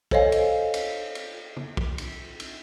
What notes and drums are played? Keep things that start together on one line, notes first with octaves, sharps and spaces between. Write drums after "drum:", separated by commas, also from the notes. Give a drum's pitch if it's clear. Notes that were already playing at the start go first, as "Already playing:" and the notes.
A4 C5 C#5 D#5 F5 G#5, drum: kick
drum: cymbal
drum: cymbal
drum: cymbal
drum: tom
drum: kick
drum: cymbal
drum: cymbal